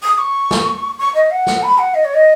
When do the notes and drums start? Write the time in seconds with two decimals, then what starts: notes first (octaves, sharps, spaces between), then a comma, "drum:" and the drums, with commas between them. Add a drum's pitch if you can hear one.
0.03 D#6
0.18 C#6
0.51 drum: snare
0.99 C#6
1.15 D#5
1.31 F#5
1.47 drum: snare
1.63 B5
1.78 F#5
1.94 D#5
2.05 C#5
2.14 D#5